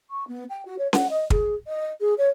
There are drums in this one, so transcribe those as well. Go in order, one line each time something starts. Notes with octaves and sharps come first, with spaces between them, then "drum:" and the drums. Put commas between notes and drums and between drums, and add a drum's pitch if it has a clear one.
C#6
B3
G5
F#4
C#5
F#5, drum: snare C#4
D#5
G#4, drum: kick
D#5
G#4
C#5